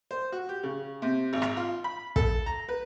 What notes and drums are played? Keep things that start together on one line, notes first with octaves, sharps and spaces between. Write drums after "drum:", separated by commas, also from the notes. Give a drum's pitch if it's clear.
C5
F#4
G4
C#3
C3
G#1
drum: rim click
F4
B5
A4, drum: kick
A#5
B4